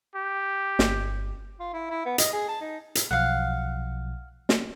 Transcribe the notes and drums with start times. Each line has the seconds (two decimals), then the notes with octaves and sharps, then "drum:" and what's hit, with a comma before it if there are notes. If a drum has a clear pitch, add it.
0.15 G4
0.79 G1, drum: snare
1.60 F4
1.74 E4
1.90 E4
2.06 B3
2.18 D#5, drum: hi-hat
2.33 G#4
2.48 A5
2.61 D#4
2.95 drum: hi-hat
3.11 B1 B2 F3 F5 F#5
4.49 drum: snare